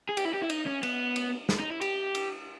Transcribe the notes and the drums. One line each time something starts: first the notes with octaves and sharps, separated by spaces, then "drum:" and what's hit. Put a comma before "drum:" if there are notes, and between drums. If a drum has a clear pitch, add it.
G#4
G4, drum: cymbal
E4
G4
E4
D#4, drum: cymbal
C#4
B3, drum: cymbal
drum: cymbal
drum: snare
D#4
E4
G4, drum: cymbal
drum: cymbal